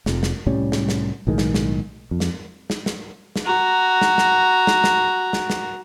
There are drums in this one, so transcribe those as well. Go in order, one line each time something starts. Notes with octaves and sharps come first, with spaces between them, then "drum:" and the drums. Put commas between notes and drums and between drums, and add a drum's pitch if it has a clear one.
F1 F2, drum: snare
drum: snare
C2 A2 G3 C#4
drum: snare
drum: snare
B1 A2 D#3 G#3
drum: snare
drum: snare
F2
drum: snare
drum: snare
drum: snare
drum: snare
F#4 A#5
drum: snare
drum: snare
drum: snare
drum: snare
drum: snare
drum: snare